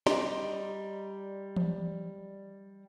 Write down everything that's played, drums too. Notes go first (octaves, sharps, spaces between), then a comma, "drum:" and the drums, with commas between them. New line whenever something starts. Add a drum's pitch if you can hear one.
G3 D5 D#5 A#5 C6, drum: snare
drum: tom E3